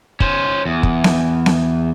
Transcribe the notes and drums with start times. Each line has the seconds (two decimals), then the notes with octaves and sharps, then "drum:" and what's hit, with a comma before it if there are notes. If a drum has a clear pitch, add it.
0.20 C#4 C5, drum: kick
0.65 E2
0.83 drum: kick
1.04 drum: snare B3
1.46 drum: snare B3